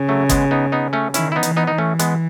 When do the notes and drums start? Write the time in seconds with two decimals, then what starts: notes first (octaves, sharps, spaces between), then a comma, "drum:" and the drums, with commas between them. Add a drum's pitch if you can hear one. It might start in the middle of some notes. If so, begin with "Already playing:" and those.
Already playing: C#3
0.09 F#3 A3
0.29 G#3 B3, drum: kick, hi-hat
0.51 B3 D#4
0.72 B3 D#4
0.93 A3 C#4
1.14 D#3 C#4 E4, drum: hi-hat
1.32 E4
1.36 B3 D#4
1.43 E3, drum: hi-hat
1.57 B3 D#4
1.67 E3 D#4
1.78 A3 C#4
1.99 G#3 B3, drum: hi-hat